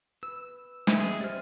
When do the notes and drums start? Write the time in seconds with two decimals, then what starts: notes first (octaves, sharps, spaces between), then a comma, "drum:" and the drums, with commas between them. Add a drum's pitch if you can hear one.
0.23 B4 E6
0.87 D#5 E5, drum: snare
1.00 G#4
1.21 G4 C5 D5 F6